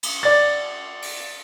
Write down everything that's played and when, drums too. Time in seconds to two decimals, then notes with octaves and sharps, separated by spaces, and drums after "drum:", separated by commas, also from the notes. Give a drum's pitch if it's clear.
0.03 drum: cymbal
0.23 D5 A6
1.02 drum: open hi-hat